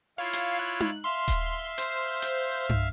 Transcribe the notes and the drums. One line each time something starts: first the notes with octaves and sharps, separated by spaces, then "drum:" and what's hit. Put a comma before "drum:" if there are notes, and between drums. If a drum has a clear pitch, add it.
E4 F4 C#5 F5
drum: hi-hat
F#6
drum: tom D#4
E5 F5 C6
drum: kick D#1, hi-hat
C5, drum: hi-hat
drum: hi-hat
drum: tom G2